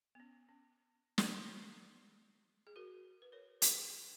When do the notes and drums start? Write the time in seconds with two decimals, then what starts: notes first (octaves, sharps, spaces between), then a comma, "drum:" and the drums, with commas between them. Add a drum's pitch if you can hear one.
0.15 B3
0.20 C#4
0.49 C#4
1.18 drum: snare
2.67 G#4
2.76 F#4 A#4
3.22 B4
3.32 A#4 C#5
3.62 G#4 B4, drum: hi-hat